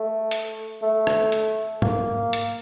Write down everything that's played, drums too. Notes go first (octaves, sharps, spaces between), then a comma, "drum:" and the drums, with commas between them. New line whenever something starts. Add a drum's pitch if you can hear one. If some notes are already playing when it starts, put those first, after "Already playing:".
Already playing: A3
drum: hi-hat
A3
drum: rim click
drum: hi-hat
A#3, drum: tom
drum: hi-hat